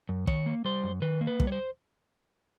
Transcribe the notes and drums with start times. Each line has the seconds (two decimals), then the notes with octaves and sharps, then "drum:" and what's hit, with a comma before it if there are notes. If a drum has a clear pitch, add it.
0.09 F#2
0.27 D#3 C#5, drum: kick
0.46 A#3
0.65 G3 C5
0.84 F#2
1.02 D#3 B4
1.21 A#3
1.27 B4
1.40 G3, drum: kick
1.47 C#5
1.52 C5